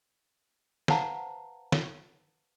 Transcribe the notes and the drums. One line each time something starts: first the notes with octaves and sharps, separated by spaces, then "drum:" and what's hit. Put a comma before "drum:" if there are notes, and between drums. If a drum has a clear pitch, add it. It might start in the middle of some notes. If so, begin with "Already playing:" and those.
B4 C5 F5 F#5 A5 A#5, drum: snare
drum: snare